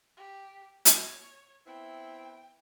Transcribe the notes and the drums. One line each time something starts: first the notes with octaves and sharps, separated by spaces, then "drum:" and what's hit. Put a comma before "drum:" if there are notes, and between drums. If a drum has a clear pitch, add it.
G4
C#5, drum: hi-hat
B3 C4 E4 G5